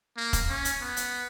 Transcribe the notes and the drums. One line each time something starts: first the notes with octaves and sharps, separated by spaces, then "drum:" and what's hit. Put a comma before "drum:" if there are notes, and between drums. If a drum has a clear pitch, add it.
A#3
drum: kick E1, hi-hat
C#4
drum: hi-hat
B3
drum: hi-hat